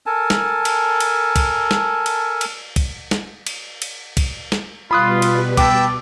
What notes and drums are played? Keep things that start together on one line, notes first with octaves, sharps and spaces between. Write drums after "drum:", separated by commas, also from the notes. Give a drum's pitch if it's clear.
A4 A#4 G#5 A5
drum: snare
drum: cymbal
drum: cymbal
drum: kick, cymbal
drum: snare
drum: cymbal
drum: cymbal
drum: kick, cymbal
drum: snare
drum: cymbal
drum: cymbal
drum: kick, cymbal
drum: snare
B2 G3 F4 B4 B5 D#6 F#6
drum: cymbal
G5 A5 B5 D6 E6, drum: kick, cymbal